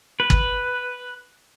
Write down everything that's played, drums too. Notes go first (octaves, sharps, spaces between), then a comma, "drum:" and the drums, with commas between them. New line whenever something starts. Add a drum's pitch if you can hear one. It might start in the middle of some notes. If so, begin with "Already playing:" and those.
B4
drum: kick